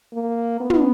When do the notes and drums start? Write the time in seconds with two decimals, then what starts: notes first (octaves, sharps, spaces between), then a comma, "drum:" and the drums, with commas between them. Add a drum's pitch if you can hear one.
0.14 A#3
0.61 B3
0.70 drum: tom